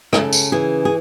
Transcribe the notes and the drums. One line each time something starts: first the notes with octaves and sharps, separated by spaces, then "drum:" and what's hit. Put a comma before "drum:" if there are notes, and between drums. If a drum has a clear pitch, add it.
C#3 A4, drum: rim click
drum: tambourine
E3 G#4
G#4